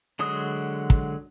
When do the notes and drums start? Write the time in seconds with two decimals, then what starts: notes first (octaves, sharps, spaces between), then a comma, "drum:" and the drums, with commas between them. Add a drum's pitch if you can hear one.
0.19 D3 F#3 G#3 D#6
0.90 drum: kick